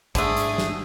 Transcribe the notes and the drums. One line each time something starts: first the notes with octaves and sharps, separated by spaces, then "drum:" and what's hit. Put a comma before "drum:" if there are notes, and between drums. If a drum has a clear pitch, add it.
G#2 D3 A3 G#4, drum: kick, hi-hat
drum: hi-hat
drum: snare